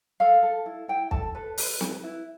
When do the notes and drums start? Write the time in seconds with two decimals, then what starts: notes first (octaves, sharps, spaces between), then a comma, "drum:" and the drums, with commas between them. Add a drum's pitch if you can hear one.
0.20 A4 F5
0.43 A4
0.66 E4
0.88 E4 G5
1.11 A4 A5, drum: kick
1.35 A4 B4
1.58 B4, drum: open hi-hat
1.81 B4, drum: snare
2.04 E4